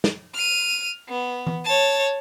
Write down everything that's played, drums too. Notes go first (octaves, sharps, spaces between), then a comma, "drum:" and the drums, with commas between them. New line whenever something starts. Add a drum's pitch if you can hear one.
drum: snare
F6 D#7
B3
drum: tom E3
C#5 A5